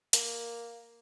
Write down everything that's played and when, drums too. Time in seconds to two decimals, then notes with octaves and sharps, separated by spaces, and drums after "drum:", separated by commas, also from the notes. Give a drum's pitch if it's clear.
0.13 A#3, drum: hi-hat